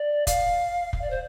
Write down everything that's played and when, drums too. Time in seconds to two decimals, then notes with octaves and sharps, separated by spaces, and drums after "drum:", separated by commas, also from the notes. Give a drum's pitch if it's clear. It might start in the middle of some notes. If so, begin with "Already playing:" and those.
Already playing: D5
0.27 F5, drum: kick, hi-hat
0.93 F5, drum: kick
1.02 D5
1.10 C5